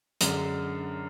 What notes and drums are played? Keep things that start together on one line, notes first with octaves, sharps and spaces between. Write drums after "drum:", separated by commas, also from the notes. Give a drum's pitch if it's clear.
F#2 D3 G#3 D4, drum: hi-hat